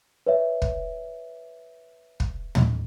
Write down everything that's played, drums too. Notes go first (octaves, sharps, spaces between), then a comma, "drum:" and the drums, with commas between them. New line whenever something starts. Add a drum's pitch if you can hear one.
B4 C#5 E5
drum: kick
drum: kick
drum: tom